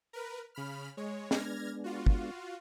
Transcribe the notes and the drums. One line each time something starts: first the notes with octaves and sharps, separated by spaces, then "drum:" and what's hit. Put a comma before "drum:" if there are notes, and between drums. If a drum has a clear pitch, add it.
A#4 B4
C#3 B5 F6
G#3 C#5
G#3 B3 D4 F6 G#6 A#6, drum: snare
F4 F#4
drum: kick